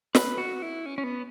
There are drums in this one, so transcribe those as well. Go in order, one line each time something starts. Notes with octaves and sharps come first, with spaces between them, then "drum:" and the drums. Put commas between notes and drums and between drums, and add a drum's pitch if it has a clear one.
B4, drum: snare
F#4
E4
C#4
C#4
B3